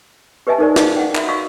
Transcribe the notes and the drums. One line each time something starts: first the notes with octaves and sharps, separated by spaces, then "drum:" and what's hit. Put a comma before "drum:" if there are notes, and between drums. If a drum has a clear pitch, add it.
G4 B4 D#5 E5 G#5 A5
D#4 G#4 A#4 C5 D5
G#4 D#5 F5, drum: snare
F#5 G5
F#4 E5 B5, drum: clap
F#4 D#5 F5 B5 C#6 E6